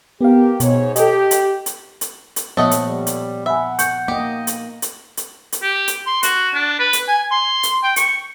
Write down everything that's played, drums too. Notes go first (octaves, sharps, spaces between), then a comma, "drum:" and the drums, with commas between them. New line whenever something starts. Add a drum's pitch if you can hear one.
B3 G4 A#4 F5
G#2 B2 C#5, drum: hi-hat
G4 A4 D#5, drum: hi-hat
drum: hi-hat
drum: hi-hat
drum: hi-hat
drum: hi-hat
A#2 F3 A3 B3 C#5 D#5 F#5
drum: hi-hat
G3
drum: hi-hat
E5 F#5 G#5 B5 E6
C#6 G6 C#7, drum: hi-hat
A#3 G4 D#5
drum: hi-hat
drum: hi-hat
drum: hi-hat
drum: hi-hat
G4
drum: hi-hat
C6
F#4, drum: hi-hat
D4
B4
drum: hi-hat
G#5
C6
drum: hi-hat
G5
C#6, drum: hi-hat